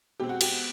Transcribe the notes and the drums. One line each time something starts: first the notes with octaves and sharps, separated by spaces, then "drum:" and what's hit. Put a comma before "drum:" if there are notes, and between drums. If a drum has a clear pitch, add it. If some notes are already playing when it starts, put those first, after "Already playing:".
B2 G#3 C4 G4
F#4
G4, drum: cymbal